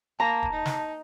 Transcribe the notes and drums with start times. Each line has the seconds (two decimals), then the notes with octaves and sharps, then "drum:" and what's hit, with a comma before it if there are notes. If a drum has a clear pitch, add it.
0.20 A#3 A5 A#5
0.43 drum: kick D#1
0.53 D#4
0.66 drum: snare